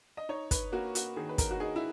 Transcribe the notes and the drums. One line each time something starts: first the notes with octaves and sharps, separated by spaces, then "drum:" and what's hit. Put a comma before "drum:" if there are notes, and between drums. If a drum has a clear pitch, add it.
D#5
D#4 C#5
B4, drum: kick, hi-hat
A#3 F#4
F#4, drum: hi-hat
D#3 G#4
B4
A#4, drum: kick, hi-hat
F#4
D#4 G#4
E4